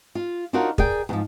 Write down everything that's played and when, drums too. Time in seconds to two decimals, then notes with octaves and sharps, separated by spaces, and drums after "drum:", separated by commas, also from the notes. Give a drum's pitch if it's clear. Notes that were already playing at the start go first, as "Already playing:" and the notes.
0.15 F4
0.53 D4 D#4 F4 F#4 A#4 C#5
0.78 G#4 A#4 D5 G5, drum: kick
1.09 E2 G#2 F3